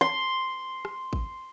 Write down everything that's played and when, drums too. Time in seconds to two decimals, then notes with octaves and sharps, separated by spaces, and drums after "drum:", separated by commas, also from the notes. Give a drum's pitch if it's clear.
0.01 C6
0.85 drum: rim click
1.13 drum: kick